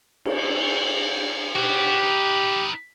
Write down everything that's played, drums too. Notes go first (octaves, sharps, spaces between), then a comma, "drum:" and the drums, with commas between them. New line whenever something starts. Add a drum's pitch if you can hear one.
drum: cymbal
B3 F#4 G4
D#4 B4